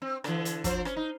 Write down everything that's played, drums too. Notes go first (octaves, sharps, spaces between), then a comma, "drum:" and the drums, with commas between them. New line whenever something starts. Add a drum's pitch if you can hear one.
C4
D3 E3, drum: rim click
drum: hi-hat
F3 C5, drum: kick, hi-hat
C#4, drum: rim click
D#4